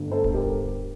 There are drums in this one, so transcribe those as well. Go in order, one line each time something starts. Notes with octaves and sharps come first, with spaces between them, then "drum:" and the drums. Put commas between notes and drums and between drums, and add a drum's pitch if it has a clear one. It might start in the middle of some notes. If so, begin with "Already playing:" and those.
Already playing: G1 G2 D3 A3
A4 C5
A4, drum: kick D1
G4 A#4